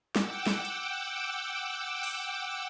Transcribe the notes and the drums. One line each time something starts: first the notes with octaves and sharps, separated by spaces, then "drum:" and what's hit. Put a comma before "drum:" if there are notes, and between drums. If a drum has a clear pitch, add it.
F#5 G5 D6 E6, drum: snare
drum: snare
drum: hi-hat
drum: open hi-hat